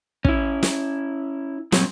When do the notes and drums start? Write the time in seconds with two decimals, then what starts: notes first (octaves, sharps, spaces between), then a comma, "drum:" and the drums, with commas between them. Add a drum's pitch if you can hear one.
0.25 C#4 E4, drum: kick
0.63 drum: snare
1.72 G2 A#2 F#3 C4 C#4, drum: snare